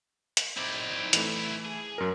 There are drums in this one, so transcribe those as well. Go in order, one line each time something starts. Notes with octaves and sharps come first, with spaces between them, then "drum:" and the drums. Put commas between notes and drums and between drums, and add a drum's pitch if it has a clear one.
drum: hi-hat
C4 D#4 E4 D5
E3 A3, drum: hi-hat
G#4
F#2 A#4